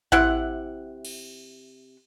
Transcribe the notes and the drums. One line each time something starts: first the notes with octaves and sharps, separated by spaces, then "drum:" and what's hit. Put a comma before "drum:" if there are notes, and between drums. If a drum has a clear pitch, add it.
C3 E4 F#5, drum: kick A1
drum: cymbal